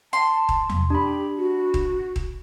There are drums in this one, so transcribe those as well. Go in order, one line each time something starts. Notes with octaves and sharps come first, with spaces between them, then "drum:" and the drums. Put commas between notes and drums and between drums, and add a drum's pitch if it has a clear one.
A5 C6
drum: kick D#1
drum: tom E2
D4 G4 B5
F#4
drum: kick D#1
drum: kick D#1